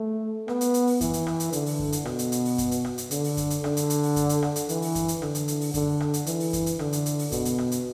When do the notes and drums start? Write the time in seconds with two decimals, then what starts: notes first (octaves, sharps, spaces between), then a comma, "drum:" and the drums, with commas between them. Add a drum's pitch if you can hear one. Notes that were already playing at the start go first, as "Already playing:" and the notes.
Already playing: A3
0.48 B3, drum: rim click
0.61 drum: hi-hat
0.74 drum: hi-hat
0.87 drum: open hi-hat
1.01 E3, drum: kick F#2, hi-hat
1.13 drum: hi-hat
1.27 drum: rim click
1.40 drum: hi-hat
1.53 D3, drum: hi-hat
1.66 drum: open hi-hat
1.79 drum: kick F#2
1.92 drum: hi-hat
2.05 B2, drum: rim click
2.19 drum: hi-hat
2.32 drum: hi-hat
2.45 drum: open hi-hat
2.58 drum: kick F#2, hi-hat
2.71 drum: hi-hat
2.85 drum: rim click
2.98 drum: hi-hat
3.11 D3, drum: hi-hat
3.24 drum: open hi-hat
3.37 drum: kick F#2, hi-hat
3.50 drum: hi-hat
3.64 D3, drum: rim click
3.77 drum: hi-hat
3.90 drum: hi-hat
4.03 drum: open hi-hat
4.16 drum: kick F#2, hi-hat
4.29 drum: hi-hat
4.42 drum: rim click
4.56 drum: hi-hat
4.69 E3, drum: hi-hat
4.82 drum: open hi-hat
4.95 drum: kick F#2, hi-hat
5.08 drum: hi-hat
5.22 D3, drum: rim click
5.35 drum: hi-hat
5.48 drum: hi-hat
5.61 drum: open hi-hat
5.74 D3, drum: kick F#2, hi-hat
6.00 drum: rim click
6.14 drum: hi-hat
6.26 E3, drum: hi-hat
6.40 drum: open hi-hat
6.53 drum: kick F#2, hi-hat
6.66 drum: hi-hat
6.79 D3, drum: rim click
6.93 drum: hi-hat
7.06 drum: hi-hat
7.19 drum: open hi-hat
7.32 B2, drum: kick F#2, hi-hat
7.45 drum: hi-hat
7.58 drum: rim click
7.72 drum: hi-hat